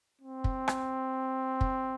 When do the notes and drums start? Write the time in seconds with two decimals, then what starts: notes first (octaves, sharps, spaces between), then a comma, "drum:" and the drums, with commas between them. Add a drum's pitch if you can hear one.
0.22 C4
0.44 drum: kick
0.68 drum: rim click
1.61 drum: kick